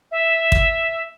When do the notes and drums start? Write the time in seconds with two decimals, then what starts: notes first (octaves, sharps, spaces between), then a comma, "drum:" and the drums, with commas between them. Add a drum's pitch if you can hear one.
0.11 E5
0.52 drum: kick